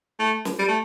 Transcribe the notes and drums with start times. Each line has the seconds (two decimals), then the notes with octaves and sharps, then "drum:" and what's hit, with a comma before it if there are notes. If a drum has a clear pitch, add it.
0.19 A3
0.45 drum: snare
0.58 G3
0.68 A3